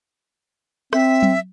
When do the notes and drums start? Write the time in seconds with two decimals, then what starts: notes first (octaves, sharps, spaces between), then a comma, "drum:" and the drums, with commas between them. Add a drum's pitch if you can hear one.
0.93 C4 E5, drum: rim click
1.23 drum: tom F#3